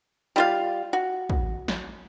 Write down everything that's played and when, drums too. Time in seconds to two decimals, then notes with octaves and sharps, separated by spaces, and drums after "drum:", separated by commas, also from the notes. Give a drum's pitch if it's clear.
0.36 G3 F4 F5
0.93 F#4
1.30 drum: kick
1.68 drum: snare